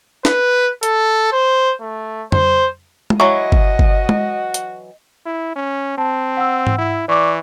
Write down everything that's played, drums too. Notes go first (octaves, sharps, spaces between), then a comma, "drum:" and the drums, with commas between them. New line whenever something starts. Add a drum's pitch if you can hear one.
B4, drum: snare
A4, drum: hi-hat
C5
A3
C5, drum: tom F2
drum: tom G#3
E3 F#3 F#4 D#5 C#6
drum: kick G1
drum: kick G1
drum: tom G#3
drum: hi-hat
E4
C#4
C4 A5
F#5 E6
drum: tom G#2
E4
E3 D5 C#6 D6